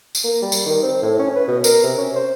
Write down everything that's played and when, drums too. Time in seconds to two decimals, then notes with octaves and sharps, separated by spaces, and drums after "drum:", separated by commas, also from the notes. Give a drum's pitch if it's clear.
0.15 drum: tambourine
0.24 A#3
0.42 G3
0.52 drum: tambourine
0.66 D#3
0.83 C4
1.02 A2
1.19 C#4
1.35 B4
1.48 B2
1.64 A#4, drum: tambourine
1.84 C3
1.98 C#4
2.15 C5